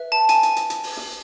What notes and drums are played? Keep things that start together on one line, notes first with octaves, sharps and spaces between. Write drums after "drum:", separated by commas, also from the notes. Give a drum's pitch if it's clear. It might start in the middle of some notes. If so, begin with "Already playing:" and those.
Already playing: B4 E5
A5
G#5, drum: hi-hat
drum: hi-hat
drum: hi-hat
drum: hi-hat
drum: open hi-hat
drum: snare